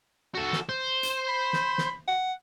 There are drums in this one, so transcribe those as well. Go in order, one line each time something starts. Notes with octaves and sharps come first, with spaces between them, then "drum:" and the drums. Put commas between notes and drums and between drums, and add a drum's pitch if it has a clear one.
F#4 A4
drum: snare
C5
drum: hi-hat
B5
drum: snare
drum: snare
F#5